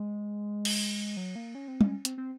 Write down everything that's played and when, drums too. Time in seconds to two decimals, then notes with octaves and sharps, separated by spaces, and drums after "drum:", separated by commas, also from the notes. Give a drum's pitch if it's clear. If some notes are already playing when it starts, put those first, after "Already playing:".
Already playing: G#3
0.65 drum: cymbal
1.17 F#3
1.36 A#3
1.55 C#4
1.68 C4
1.81 C#4, drum: tom
2.05 C4, drum: hi-hat
2.18 C4